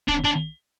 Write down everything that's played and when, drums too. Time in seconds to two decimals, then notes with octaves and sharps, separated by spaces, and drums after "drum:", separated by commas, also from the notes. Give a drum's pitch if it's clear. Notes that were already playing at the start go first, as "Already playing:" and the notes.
0.08 D4, drum: kick
0.24 D4